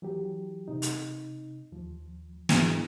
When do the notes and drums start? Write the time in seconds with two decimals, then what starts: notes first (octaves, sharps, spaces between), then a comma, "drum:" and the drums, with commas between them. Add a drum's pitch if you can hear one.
0.02 E3 F#3 G4
0.68 C3 D#4
0.82 drum: hi-hat
1.72 D#2 F3
2.49 G#2 E3 F#3 G#3 E4, drum: snare